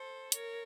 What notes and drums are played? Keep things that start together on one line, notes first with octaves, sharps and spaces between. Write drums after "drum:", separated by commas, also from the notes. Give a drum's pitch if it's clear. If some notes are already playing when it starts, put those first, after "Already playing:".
Already playing: A4 C5
A#4 C#5, drum: hi-hat